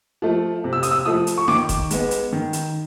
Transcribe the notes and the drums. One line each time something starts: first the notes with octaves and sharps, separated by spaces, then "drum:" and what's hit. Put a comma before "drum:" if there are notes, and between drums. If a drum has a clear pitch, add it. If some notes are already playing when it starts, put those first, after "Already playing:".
F3 A3
C3
E6
D#6, drum: hi-hat
E6
F3 A3 D#6
drum: hi-hat
C#6
D#3 D6, drum: snare D#4
drum: kick F#1, hi-hat
G#3 B3, drum: hi-hat
drum: hi-hat
D#3
drum: hi-hat